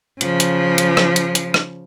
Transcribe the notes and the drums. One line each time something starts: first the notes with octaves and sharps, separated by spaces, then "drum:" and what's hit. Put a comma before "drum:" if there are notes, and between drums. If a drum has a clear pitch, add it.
C#3 F3, drum: hi-hat
drum: hi-hat
drum: hi-hat
drum: rim click
drum: hi-hat
drum: hi-hat
drum: rim click